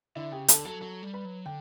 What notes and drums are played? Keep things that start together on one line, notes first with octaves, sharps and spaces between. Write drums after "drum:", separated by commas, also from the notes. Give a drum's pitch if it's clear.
D3 E4 E5
C#3 G4 G5
D3 A4 A5, drum: hi-hat
F#3 A4 A5
F#3 A4 A5
G3
B4 B5
F#3
D3 G5